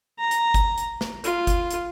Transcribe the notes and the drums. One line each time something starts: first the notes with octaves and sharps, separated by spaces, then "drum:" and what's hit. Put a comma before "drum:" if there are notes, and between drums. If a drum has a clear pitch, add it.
A#5
drum: hi-hat
drum: kick G1, hi-hat
drum: hi-hat
drum: snare
F4, drum: hi-hat
drum: kick G1, hi-hat
drum: hi-hat